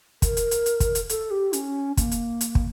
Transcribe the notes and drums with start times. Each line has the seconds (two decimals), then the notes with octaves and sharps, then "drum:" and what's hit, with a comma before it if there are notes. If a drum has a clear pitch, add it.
0.22 A#4, drum: kick, hi-hat
0.37 drum: hi-hat
0.51 drum: hi-hat
0.66 drum: hi-hat
0.80 drum: kick, hi-hat
0.95 drum: hi-hat
1.09 A4, drum: hi-hat
1.31 G4
1.53 C#4, drum: hi-hat
1.97 A#3, drum: kick, hi-hat
2.11 drum: hi-hat
2.41 drum: hi-hat
2.55 drum: kick